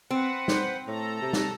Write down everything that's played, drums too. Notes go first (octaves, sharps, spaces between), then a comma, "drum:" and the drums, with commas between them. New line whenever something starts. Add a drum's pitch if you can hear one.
C4 B4 F#5
C5, drum: snare
A2 A4 A#5
C3
drum: snare